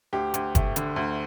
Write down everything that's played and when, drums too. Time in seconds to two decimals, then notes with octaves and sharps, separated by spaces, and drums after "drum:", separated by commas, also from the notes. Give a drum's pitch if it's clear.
0.13 D2 G4
0.34 D2, drum: hi-hat
0.55 A3, drum: kick, hi-hat
0.76 D3, drum: hi-hat
0.96 D2